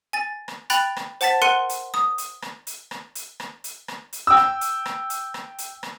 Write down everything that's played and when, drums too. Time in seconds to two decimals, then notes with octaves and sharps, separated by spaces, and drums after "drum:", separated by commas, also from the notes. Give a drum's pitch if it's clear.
0.13 G#5 A6
0.48 drum: rim click
0.70 G5 B5 F#6 A6 F7, drum: hi-hat
0.96 drum: rim click
1.21 C5 F#5 A5 A6 B6, drum: hi-hat
1.42 A#4 F#5 C6 F#6 C#7 D#7
1.69 drum: hi-hat
1.94 D#6, drum: rim click
2.18 drum: hi-hat
2.42 drum: rim click
2.67 drum: hi-hat
2.91 drum: rim click
3.15 drum: hi-hat
3.40 drum: rim click
3.64 drum: hi-hat
3.88 drum: rim click
4.13 drum: hi-hat
4.27 G5 E6
4.37 drum: rim click
4.61 drum: hi-hat
4.86 drum: rim click
5.10 drum: hi-hat
5.34 drum: rim click
5.58 drum: hi-hat
5.83 drum: rim click